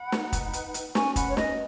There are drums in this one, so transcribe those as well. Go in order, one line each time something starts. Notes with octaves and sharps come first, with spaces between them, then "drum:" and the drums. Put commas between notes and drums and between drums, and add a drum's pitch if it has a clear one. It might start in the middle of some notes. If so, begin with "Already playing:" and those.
Already playing: F#5 B5
D#4 B4, drum: snare
drum: kick, hi-hat
drum: hi-hat
drum: hi-hat
C#4 B4 G#5 C#6, drum: snare
F#5 B5, drum: kick, hi-hat
C#5
D#5, drum: snare